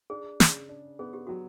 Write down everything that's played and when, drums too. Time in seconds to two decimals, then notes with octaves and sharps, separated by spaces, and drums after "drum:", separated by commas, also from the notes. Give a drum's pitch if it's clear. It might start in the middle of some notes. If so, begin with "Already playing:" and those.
0.10 D4 G#4
0.40 C#3, drum: snare
0.69 D4
0.99 B3 G#4
1.13 G4
1.27 F#3 F#4